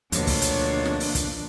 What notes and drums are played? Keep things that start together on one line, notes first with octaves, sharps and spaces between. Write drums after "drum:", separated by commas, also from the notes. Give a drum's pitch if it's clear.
D2 B2 F3 A#3 D4 C#5, drum: hi-hat
drum: kick, open hi-hat
drum: hi-hat
drum: snare
drum: open hi-hat
drum: kick, hi-hat